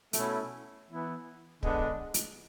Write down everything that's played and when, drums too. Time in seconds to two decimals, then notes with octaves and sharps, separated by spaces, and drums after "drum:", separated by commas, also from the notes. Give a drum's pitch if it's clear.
0.13 B2 A3 C#4 E4, drum: hi-hat
0.88 E3 B3 E4
1.63 D3 G#3 B3 D4, drum: kick
2.14 drum: hi-hat